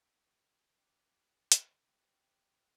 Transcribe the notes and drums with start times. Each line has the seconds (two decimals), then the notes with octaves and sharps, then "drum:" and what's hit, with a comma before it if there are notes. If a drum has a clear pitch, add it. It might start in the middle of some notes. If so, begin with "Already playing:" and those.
Already playing: F#4 B4 E5 G5
0.78 D4 G4 B4
1.52 drum: hi-hat
1.85 C4 G4 B4 F#5